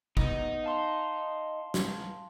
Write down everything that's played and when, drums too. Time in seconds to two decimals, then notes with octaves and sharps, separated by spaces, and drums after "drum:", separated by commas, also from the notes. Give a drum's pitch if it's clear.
0.17 B3 D#4, drum: kick
0.64 F5 A5 C6
1.74 drum: snare